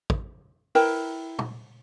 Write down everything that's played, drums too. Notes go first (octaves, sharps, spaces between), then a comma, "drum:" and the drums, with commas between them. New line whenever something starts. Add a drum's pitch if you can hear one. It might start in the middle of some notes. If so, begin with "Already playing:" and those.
drum: kick
E4 A#4 B4 G5, drum: open hi-hat
drum: tom